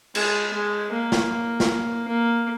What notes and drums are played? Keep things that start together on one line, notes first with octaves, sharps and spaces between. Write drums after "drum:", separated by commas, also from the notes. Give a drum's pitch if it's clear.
G#3, drum: cymbal
G#3
A#3
drum: snare
drum: snare
A#3